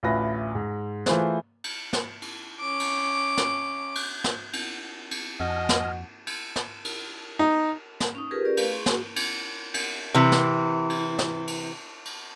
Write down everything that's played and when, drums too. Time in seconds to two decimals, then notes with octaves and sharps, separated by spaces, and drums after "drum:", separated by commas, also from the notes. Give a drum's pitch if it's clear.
0.03 A1 D2 E4 F4 B4 A#6
0.55 G#2
1.06 E3 A3 F4 G#4 B4 C5, drum: snare
1.64 drum: cymbal
1.93 drum: snare
2.22 drum: cymbal
2.60 C#4 D6
2.80 drum: cymbal
3.37 drum: snare
3.95 drum: cymbal
4.24 drum: snare
4.53 drum: cymbal
5.11 drum: cymbal
5.40 F2 F#4 D#5 G#5 A5 F6
5.69 drum: snare
6.27 drum: cymbal
6.56 drum: snare
6.85 drum: cymbal
7.39 D#4
8.00 drum: snare
8.15 C#4 D#4
8.31 F4 G4 G#4 A#4 B4
8.45 C#4 G4 A#4 D5
8.57 A3 B4 F5, drum: cymbal
8.71 G#4 C6 C#6
8.86 F#4, drum: snare
9.16 drum: cymbal
9.74 drum: cymbal
10.14 C3 E3
10.32 drum: snare
10.90 drum: cymbal
11.19 drum: snare
11.47 drum: cymbal
12.05 drum: cymbal